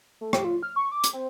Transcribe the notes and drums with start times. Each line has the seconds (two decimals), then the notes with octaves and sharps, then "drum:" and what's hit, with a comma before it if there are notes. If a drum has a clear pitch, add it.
0.21 A3
0.33 G4, drum: rim click
0.45 F4
0.63 F6
0.76 C#6
0.92 D6
1.04 drum: hi-hat
1.13 C4